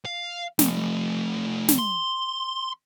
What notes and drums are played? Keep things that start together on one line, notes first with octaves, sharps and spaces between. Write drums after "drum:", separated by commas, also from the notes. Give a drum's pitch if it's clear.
F5
F3 A3, drum: snare
drum: snare
C6